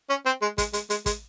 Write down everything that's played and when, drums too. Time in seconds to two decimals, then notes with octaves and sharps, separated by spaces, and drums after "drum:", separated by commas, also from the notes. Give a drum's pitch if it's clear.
0.10 C#4
0.26 C4
0.42 G#3
0.58 G#3, drum: kick, hi-hat
0.73 G#3, drum: hi-hat
0.90 G#3, drum: hi-hat
1.06 G#3, drum: kick, hi-hat